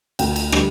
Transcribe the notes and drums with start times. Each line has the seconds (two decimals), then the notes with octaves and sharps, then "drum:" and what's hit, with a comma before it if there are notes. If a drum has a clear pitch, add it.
0.19 D2 G5, drum: cymbal
0.36 drum: cymbal
0.52 D3 G3, drum: rim click